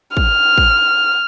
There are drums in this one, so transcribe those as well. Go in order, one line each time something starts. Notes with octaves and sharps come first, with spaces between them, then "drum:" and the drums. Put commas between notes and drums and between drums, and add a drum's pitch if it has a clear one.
F6, drum: kick
drum: kick